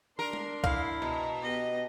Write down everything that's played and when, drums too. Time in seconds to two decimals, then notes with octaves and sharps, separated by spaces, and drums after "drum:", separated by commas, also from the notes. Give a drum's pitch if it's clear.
0.19 D4 A#4 C6
0.33 drum: tom G#3
0.64 E4 F5, drum: kick C2
1.02 B2 A#5
1.43 B3 G4 D#5